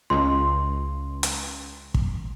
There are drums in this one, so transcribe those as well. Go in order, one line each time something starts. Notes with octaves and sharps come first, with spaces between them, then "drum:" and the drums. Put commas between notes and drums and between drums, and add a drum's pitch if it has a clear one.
C#2 C6
drum: hi-hat
drum: kick